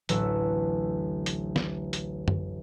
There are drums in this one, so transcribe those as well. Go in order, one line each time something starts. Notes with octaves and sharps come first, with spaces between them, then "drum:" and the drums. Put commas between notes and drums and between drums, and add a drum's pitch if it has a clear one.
A1 D2 F#3 F#4 A4 E6, drum: hi-hat
drum: hi-hat
drum: snare
drum: hi-hat
drum: tom F#2